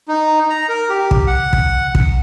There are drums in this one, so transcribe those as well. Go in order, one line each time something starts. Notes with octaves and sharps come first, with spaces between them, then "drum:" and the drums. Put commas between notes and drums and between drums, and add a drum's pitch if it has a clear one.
D#4
A#5
A#4
G4
drum: kick
F#5
drum: kick
drum: kick